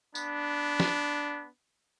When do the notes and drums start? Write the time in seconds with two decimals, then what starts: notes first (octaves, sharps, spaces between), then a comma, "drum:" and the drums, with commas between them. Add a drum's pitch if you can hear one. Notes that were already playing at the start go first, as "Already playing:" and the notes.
0.15 B3 D4, drum: tambourine
0.80 drum: snare